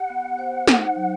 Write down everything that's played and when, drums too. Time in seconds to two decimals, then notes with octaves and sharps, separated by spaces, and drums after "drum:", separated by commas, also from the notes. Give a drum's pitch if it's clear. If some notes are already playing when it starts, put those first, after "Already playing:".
Already playing: G4 F#5
0.10 B3
0.39 C5
0.67 D#4, drum: snare
0.96 F#3